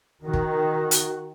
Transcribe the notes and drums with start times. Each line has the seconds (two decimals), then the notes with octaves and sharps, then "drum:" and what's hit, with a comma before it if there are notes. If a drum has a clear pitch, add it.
0.22 D#3 F#4
0.33 drum: kick
0.91 drum: hi-hat